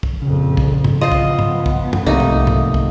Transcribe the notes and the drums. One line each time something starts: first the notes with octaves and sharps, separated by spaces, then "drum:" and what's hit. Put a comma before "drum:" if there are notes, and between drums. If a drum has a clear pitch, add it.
drum: kick
A#1 F2 C#3
drum: kick
drum: tom G#2
F3 B3 F4 C5 D#5
drum: kick
drum: tom G#2
drum: kick
drum: tom F#2
C2 C3 A3 A#3 D#4
drum: kick
drum: tom G#2
drum: kick